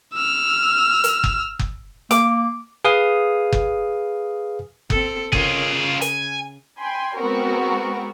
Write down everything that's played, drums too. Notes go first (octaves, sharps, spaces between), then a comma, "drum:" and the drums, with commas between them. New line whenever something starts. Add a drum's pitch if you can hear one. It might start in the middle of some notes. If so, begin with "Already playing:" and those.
E6 F6
drum: hi-hat
drum: kick F#1
drum: kick F#1
A#3 D6, drum: hi-hat
G#4 B4 F5 D#6
drum: kick F#1
C4 A4, drum: kick F#1
C#3 F4 G#4 A#4 C#5, drum: kick F#1
C#3
G#5, drum: hi-hat
G5 G#5 B5 C6
G#3 B3 C4 F#4 A#4